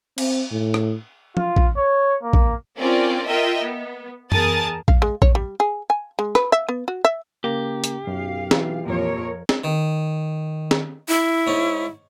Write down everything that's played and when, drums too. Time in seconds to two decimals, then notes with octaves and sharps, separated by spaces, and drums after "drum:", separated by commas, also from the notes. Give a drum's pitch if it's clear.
0.18 C4, drum: cymbal
0.51 A2
0.74 drum: rim click
1.37 F4, drum: tom
1.56 drum: kick
1.77 C#5
2.23 A#3
2.33 drum: kick
2.79 C4 C#4 F4 A#4 D5
3.27 F4 A#4 D#5 E5 G5
3.63 B3
4.32 E2 G#4 A#4 A5 D#6 A6, drum: tom F#2
4.88 F5, drum: kick
5.02 G#3
5.22 C#5, drum: kick
5.35 G3
5.60 G#4
5.90 G#5
6.19 G#3
6.35 B4, drum: rim click
6.52 E5
6.69 B3
6.88 F#4
7.05 E5
7.44 C#3 A#3 G4 A#5
7.84 drum: hi-hat
8.07 B1 F#2 F5
8.51 E3 F4, drum: snare
8.85 F2 A#2 A#4 C#5
9.49 drum: snare
9.64 D#3
10.71 drum: snare
11.08 E4
11.47 G#2 C#4